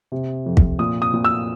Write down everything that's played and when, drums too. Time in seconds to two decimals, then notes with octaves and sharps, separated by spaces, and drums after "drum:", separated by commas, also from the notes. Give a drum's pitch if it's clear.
0.12 C3
0.46 F2
0.57 drum: kick
0.79 A#2 D#6
1.02 D#6
1.13 A#2
1.24 E6